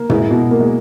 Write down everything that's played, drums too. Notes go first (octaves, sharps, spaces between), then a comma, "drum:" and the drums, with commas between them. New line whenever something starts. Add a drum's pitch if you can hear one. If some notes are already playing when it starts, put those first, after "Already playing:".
Already playing: A#3
G#3 E4, drum: tom
B2
A#3
G#3